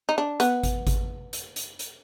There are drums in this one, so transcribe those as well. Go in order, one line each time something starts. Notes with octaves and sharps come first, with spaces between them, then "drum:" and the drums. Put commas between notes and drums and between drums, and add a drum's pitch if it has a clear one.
D#4
D4
B3, drum: hi-hat
drum: kick G#1, hi-hat
drum: kick G#1, hi-hat
drum: hi-hat
drum: hi-hat
drum: hi-hat